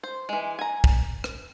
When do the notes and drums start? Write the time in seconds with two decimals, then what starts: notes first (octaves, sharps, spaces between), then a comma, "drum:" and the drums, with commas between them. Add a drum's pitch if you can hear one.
0.03 C5
0.29 E3 G#3
0.59 G#5 A#5
0.84 drum: kick
1.24 drum: rim click